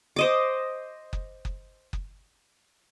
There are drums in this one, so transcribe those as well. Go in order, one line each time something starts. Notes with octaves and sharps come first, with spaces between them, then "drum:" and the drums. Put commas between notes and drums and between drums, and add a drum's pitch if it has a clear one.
C5 D#5 D6
drum: kick F#1
drum: kick F#1
drum: kick F#1